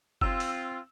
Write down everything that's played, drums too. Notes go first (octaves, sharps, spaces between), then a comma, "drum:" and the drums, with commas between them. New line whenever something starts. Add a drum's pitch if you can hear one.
C4 F4 E6, drum: kick F#1
drum: open hi-hat